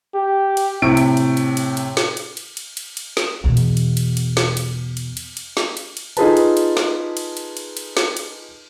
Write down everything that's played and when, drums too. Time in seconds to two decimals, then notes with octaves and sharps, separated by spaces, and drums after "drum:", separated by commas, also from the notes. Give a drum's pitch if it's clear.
0.14 G4
0.57 drum: cymbal
0.82 A2 C3 D7
0.97 drum: cymbal
1.17 drum: cymbal
1.37 drum: cymbal
1.57 drum: cymbal
1.77 drum: cymbal
1.97 drum: snare
2.17 drum: cymbal
2.37 drum: cymbal
2.57 drum: cymbal
2.77 drum: cymbal
2.97 drum: cymbal
3.17 drum: snare
3.44 E2 B2
3.57 drum: cymbal
3.77 drum: cymbal
3.97 drum: cymbal
4.17 drum: cymbal
4.37 drum: snare
4.57 drum: cymbal
4.97 drum: cymbal
5.17 drum: cymbal
5.37 drum: cymbal
5.57 drum: snare
5.77 drum: cymbal
5.97 drum: cymbal
6.17 D#4 F4 G#4 A4 B4 A5, drum: cymbal
6.37 drum: cymbal
6.57 drum: cymbal
6.77 drum: snare
7.17 drum: cymbal
7.37 drum: cymbal
7.57 drum: cymbal
7.77 drum: cymbal
7.97 drum: snare
8.17 drum: cymbal